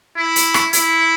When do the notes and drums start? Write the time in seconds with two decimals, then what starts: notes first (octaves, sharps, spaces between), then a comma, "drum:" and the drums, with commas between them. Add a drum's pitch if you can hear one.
0.17 E4
0.36 drum: hi-hat
0.54 drum: rim click
0.73 E4, drum: hi-hat